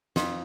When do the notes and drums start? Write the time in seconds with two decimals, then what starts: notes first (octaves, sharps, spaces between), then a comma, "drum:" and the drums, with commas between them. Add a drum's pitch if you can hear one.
0.16 F2, drum: snare